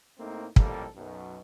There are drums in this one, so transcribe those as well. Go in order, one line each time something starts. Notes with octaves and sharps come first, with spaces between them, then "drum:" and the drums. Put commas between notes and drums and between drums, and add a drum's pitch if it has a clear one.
A2 A3 A#3 C4 D#4
A1 F2 C3 G3 A#3 A4, drum: kick
B1 F#2 B2